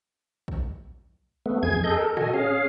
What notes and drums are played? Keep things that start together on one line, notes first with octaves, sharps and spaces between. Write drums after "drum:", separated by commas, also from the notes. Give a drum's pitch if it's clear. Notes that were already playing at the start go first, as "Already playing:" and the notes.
drum: kick
A3 B3
F2 G#4 G#6
G#4 A4 D#5 G6
A4 A#4
F#4 A4 D#5 G#5, drum: tom A2
C#4 G#4 F5